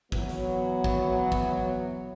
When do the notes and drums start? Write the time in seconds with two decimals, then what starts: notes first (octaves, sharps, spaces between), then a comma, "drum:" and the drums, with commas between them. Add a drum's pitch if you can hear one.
0.12 E3 F#3 B3, drum: kick
0.29 drum: hi-hat
0.84 drum: kick
1.32 drum: kick